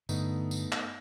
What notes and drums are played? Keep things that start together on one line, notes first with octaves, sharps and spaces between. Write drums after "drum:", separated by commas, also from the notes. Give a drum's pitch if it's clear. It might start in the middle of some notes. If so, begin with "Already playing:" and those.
G2 D3 A3 B3 D#4, drum: tambourine
drum: tambourine
drum: clap